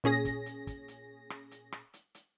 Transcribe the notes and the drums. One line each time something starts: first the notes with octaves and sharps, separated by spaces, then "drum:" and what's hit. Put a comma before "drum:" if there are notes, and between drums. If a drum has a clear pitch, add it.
A#2 C#4 G#4 A#6, drum: hi-hat
drum: kick, hi-hat
drum: hi-hat
drum: kick, hi-hat
drum: hi-hat
drum: rim click
drum: hi-hat
drum: rim click
drum: hi-hat
drum: hi-hat